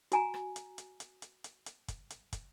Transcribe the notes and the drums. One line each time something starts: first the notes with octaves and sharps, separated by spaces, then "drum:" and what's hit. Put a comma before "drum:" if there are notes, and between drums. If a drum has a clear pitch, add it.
F#4 G#5 A#5, drum: hi-hat
drum: rim click
drum: hi-hat
drum: hi-hat
drum: hi-hat
drum: hi-hat
drum: hi-hat
drum: hi-hat
drum: kick, hi-hat
drum: hi-hat
drum: kick, hi-hat